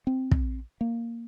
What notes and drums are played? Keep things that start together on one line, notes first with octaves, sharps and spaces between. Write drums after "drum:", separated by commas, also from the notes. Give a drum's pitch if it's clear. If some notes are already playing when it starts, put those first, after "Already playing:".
C4
drum: kick
A#3